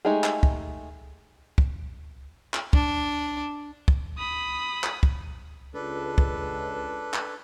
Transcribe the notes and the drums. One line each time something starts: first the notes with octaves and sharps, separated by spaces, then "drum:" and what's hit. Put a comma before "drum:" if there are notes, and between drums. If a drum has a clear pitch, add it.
G#3 A3 D#4 G4 G#4
drum: clap
drum: kick
drum: kick
drum: clap
D4, drum: kick
drum: kick
B5 D#6
drum: clap
drum: kick
C#2 D4 A4 B4
drum: kick
drum: clap